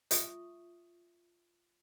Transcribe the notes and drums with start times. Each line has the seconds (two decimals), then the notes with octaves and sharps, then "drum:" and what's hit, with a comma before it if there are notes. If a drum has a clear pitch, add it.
0.11 F4 E5 C#6 D#6, drum: hi-hat